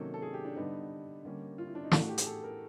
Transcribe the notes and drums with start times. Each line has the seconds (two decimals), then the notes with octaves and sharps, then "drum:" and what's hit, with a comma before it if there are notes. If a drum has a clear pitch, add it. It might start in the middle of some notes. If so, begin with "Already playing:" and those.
Already playing: C3 D#3 F#3 A#3 C#4 A4
0.14 A4
0.22 G#4
0.34 G4
0.45 D4
0.56 D3 G3 B3 D4 D#4
1.25 D3 G3 A#3 C#4
1.58 F4
1.67 E4
1.75 D4
1.84 D#4
1.92 A2 E3 A3 D4 E4, drum: snare
2.01 F#4
2.09 G4
2.18 G#4, drum: hi-hat
2.26 A4
2.44 A#4